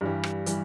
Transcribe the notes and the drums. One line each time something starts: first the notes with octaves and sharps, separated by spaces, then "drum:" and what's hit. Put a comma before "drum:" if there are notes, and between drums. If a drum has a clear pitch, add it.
G2 E3 G3
drum: rim click
E3 G3, drum: hi-hat